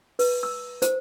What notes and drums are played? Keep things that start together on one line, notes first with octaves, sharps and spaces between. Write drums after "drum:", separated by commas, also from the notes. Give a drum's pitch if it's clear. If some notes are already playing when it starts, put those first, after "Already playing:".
B4, drum: open hi-hat
E6
C5, drum: hi-hat